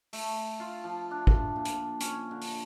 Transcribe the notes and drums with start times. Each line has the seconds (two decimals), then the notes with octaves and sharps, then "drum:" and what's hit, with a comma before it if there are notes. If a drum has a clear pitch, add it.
0.13 A3, drum: open hi-hat
0.60 F4
0.84 F3
1.11 D4
1.27 drum: kick G#1
1.56 A#2
1.65 drum: hi-hat
2.00 C#4, drum: hi-hat
2.31 D3
2.41 drum: open hi-hat